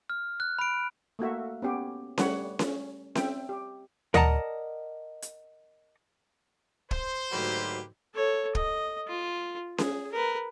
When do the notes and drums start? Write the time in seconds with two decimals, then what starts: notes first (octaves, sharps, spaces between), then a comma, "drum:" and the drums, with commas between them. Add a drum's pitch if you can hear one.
0.10 F6
0.40 F#6
0.59 B5 D7
1.19 A3 A#3 F#4 E5
1.62 B3 C#4 G4
2.18 G3 A3 B4 C#5 F#5, drum: snare C#4
2.59 C#4, drum: snare C#4
3.15 C4 E5 G5, drum: snare C#4
3.49 G4
4.14 A#4 D5 D#5 F#5 A5 A#5, drum: tom D2
5.22 drum: hi-hat
6.91 C5, drum: kick
7.32 D2 G#2 F#3 A#3 G4 B4
8.15 A4 C#5
8.55 D#5, drum: kick
9.08 F4
9.78 G#4, drum: snare C#4
10.12 A#4 B4